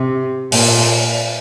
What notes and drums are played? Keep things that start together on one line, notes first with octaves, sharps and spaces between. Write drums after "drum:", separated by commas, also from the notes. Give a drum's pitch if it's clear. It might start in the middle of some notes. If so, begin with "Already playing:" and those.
Already playing: C3
A#2, drum: open hi-hat